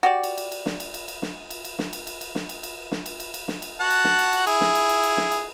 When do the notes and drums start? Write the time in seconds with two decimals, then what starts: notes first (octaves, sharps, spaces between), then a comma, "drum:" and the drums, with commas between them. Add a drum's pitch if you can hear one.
0.03 F#4 G4 D5
0.23 drum: cymbal
0.38 drum: cymbal
0.52 drum: cymbal
0.66 drum: snare
0.80 drum: cymbal
0.94 drum: cymbal
1.08 drum: cymbal
1.22 drum: snare
1.50 drum: cymbal
1.65 drum: cymbal
1.79 drum: snare
1.93 drum: cymbal
2.07 drum: cymbal
2.21 drum: cymbal
2.35 drum: snare
2.49 drum: cymbal
2.63 drum: cymbal
2.92 drum: snare
3.06 drum: cymbal
3.20 drum: cymbal
3.34 drum: cymbal
3.48 drum: snare
3.62 drum: cymbal
3.80 F#4 F#5 A5
3.90 drum: cymbal
4.04 drum: snare
4.19 drum: cymbal
4.33 drum: cymbal
4.47 E4 G#4, drum: cymbal
4.61 drum: snare
4.75 drum: cymbal
4.89 drum: cymbal
5.03 drum: cymbal
5.17 drum: snare
5.31 drum: cymbal